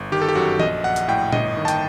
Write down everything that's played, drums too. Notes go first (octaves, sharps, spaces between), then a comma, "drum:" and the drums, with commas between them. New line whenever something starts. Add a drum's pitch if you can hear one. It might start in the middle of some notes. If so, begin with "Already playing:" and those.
Already playing: G1
D#3 G4
A4
G4
F#2 F#4
A#1 D#5, drum: tom D#3
A#1 F#5
drum: hi-hat
A2 G5
G1 D#5, drum: tom A#2
D#3
A5
G5, drum: hi-hat